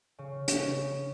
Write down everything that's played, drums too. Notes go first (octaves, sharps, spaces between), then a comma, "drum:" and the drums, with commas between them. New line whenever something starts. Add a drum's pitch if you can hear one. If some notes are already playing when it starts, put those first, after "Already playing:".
C#3
C#3, drum: hi-hat